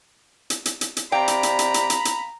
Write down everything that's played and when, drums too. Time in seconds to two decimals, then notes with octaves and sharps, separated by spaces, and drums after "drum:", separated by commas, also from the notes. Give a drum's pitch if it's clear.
0.50 drum: hi-hat
0.66 drum: hi-hat
0.81 drum: hi-hat
0.97 drum: hi-hat
1.12 C3 D5 F5 G5 A#5 B5
1.28 drum: hi-hat
1.43 drum: hi-hat
1.59 drum: hi-hat
1.74 drum: hi-hat
1.90 drum: hi-hat
2.05 drum: hi-hat